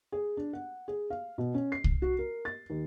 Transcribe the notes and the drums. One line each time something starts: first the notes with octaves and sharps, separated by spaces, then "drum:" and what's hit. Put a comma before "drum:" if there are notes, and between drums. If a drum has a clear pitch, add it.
G#4
D4
F#5
G#4
F5
B2
C#4
C7
drum: kick C2
F#4
A#4
A6
D#2